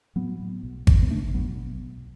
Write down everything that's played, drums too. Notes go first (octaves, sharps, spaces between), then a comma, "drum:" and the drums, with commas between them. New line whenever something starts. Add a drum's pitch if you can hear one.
A2 F#3 B3
A2
B1
B1, drum: kick G#1
B3
B2 A3 D4
B2 F#3 B3
B1
B1